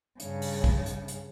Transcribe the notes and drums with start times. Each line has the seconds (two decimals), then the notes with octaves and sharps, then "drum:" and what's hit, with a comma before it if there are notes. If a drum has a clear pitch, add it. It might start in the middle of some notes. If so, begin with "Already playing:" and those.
0.20 G2 C#3, drum: hi-hat
0.42 drum: open hi-hat
0.64 drum: kick
0.86 drum: hi-hat
1.08 drum: hi-hat